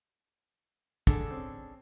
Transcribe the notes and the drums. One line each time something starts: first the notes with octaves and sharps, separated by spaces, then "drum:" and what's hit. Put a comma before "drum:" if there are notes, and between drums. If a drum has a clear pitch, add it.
D3 D4 G#4 A4, drum: kick
C4 C#4